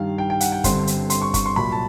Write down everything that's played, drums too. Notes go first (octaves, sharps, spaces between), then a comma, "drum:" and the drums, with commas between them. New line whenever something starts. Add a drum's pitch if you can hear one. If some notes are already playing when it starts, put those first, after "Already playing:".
Already playing: G2 D#3 G3 F5
G5
G5
F#5, drum: hi-hat
G5
G1 G2 D3 G3 C4 C6, drum: kick, hi-hat
drum: hi-hat
C6, drum: hi-hat
C#6
C#6, drum: kick, hi-hat
C6
C2 A#2 F#3 A#3 B5
A5